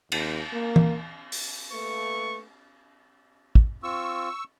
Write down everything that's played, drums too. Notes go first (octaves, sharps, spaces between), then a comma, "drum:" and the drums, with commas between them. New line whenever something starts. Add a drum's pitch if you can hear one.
D#2, drum: cymbal
A#3
drum: tom E3
drum: open hi-hat
A3 A#3 B4 C#6
drum: kick
C4 F4 C#6 E6